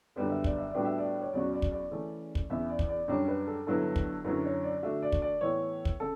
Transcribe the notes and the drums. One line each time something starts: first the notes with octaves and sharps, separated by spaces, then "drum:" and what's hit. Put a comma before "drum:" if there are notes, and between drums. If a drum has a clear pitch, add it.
F#2 D3 G3 B3 D5
E5
D5, drum: kick
E5
A2 G3 B3 D4 F#4 D5
E5
D5
C#5
E2 C#3 F#3 C#4 F#4 D5
D5
drum: kick
D5
C#3 E3 A3 C#4
drum: kick
E2 C#3 E3 E5
D5
drum: kick
D5
F#2 C#3 G3 D4 C#5
B4
A4
G2 D3 F#3 B3 E4 A4
drum: kick
F#2 D3 F#3 C#4 E4 B4
C#5
D5
D3 A3 D4 F#4 E5
D5
drum: kick
D5
A2 E3 B3 E4 C#5
drum: kick
C#3 A4